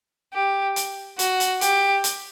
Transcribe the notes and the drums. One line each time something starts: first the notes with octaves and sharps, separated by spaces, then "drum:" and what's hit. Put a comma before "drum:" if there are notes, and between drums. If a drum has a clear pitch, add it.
G4
drum: hi-hat
F#4, drum: hi-hat
drum: hi-hat
G4, drum: hi-hat
drum: hi-hat